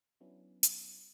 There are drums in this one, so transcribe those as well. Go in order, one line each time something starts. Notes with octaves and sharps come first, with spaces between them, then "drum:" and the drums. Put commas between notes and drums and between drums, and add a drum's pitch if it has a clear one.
F#3 B3 C#4 D4 E4
drum: hi-hat